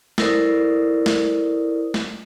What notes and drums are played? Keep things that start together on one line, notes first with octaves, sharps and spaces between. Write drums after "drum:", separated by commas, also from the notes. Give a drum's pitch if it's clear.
E4 A4 A#4 C5 D5 D#6, drum: snare
drum: snare
drum: snare